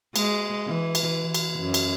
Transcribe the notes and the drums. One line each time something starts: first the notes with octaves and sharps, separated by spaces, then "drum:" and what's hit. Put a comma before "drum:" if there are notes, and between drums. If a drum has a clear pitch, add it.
G#3, drum: cymbal
E3
drum: cymbal
E3
drum: cymbal
F#2
drum: cymbal